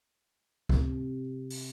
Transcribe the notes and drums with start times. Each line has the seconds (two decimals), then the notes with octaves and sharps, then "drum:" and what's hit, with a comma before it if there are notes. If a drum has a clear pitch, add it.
0.69 C3, drum: kick C#2
1.50 drum: open hi-hat